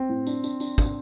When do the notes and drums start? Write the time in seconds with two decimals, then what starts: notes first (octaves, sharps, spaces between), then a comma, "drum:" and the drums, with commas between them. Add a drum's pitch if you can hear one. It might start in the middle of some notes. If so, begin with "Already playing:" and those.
Already playing: C4
0.09 A2
0.27 D4, drum: tambourine
0.44 D4, drum: tambourine
0.60 D4, drum: tambourine
0.78 D4, drum: kick, tambourine